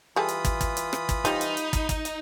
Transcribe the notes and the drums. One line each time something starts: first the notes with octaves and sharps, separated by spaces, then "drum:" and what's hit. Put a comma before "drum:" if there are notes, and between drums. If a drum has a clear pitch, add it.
E3 G3 F4 G#4 A4 B5 D#6
drum: hi-hat
drum: kick, hi-hat
drum: kick, hi-hat
drum: hi-hat
drum: rim click
drum: kick, hi-hat
F3 G3 D#4, drum: hi-hat
drum: hi-hat
drum: hi-hat
drum: kick, hi-hat
drum: kick, hi-hat
drum: hi-hat